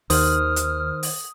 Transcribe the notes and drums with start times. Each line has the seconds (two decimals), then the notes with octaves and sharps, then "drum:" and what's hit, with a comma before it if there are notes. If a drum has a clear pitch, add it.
0.10 D#2 D#3 C5 D#6 F6, drum: open hi-hat
0.56 drum: hi-hat
1.03 drum: open hi-hat